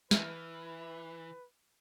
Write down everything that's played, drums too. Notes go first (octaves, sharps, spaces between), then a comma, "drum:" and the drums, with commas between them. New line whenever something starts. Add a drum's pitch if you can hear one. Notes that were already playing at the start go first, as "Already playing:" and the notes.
E3 E4 B4 F6 D#7, drum: snare